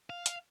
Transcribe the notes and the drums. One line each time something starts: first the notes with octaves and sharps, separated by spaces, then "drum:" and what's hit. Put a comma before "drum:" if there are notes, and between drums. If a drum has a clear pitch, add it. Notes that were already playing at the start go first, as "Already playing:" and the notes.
F5
drum: hi-hat